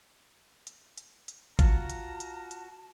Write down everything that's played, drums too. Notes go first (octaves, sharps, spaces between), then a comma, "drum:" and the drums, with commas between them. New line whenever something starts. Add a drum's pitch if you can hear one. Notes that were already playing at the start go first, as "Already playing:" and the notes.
drum: hi-hat
drum: hi-hat
drum: hi-hat
F4 F#4 A5 A#5, drum: kick G#1, hi-hat
drum: hi-hat
drum: hi-hat
drum: hi-hat